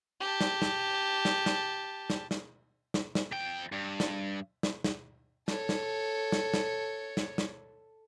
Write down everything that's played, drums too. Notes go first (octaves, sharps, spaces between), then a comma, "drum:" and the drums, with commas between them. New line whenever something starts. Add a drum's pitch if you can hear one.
G4 A5
drum: snare
drum: snare
drum: snare
drum: snare
drum: snare
drum: snare
drum: snare
drum: snare
F2 G5
G2
drum: snare
drum: snare
drum: snare
A4 C#5, drum: snare
drum: snare
drum: snare
drum: snare
drum: snare
drum: snare